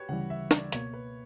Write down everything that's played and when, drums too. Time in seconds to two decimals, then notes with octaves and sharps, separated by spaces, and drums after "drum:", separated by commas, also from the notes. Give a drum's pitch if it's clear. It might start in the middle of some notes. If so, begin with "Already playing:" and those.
Already playing: F#4 G4 B4 C#5
0.09 D2 C#3 E3 G3 F#5
0.30 E5
0.51 D5, drum: snare
0.72 C#2 B2 A#3 C#5, drum: hi-hat
0.93 B4